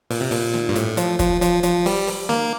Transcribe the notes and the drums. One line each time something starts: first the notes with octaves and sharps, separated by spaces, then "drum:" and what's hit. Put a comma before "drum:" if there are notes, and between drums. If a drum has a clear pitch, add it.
A#2, drum: open hi-hat
C3
A#2, drum: open hi-hat
drum: snare
G2
A2, drum: hi-hat
F3, drum: hi-hat
F3, drum: kick, hi-hat
F3, drum: hi-hat
F3, drum: hi-hat
G3, drum: open hi-hat
drum: open hi-hat
A#3, drum: snare